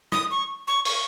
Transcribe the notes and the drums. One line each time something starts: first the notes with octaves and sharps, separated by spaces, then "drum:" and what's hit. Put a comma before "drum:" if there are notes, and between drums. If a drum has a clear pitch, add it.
D#6, drum: rim click
C#6
C#6
C#6, drum: open hi-hat